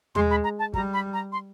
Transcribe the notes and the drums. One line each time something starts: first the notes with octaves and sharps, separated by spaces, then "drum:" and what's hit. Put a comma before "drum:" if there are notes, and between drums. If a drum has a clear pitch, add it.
G#3 C6, drum: tom D#2
B5
A#5
A5
G3 A#5, drum: kick
B5
A#5
C6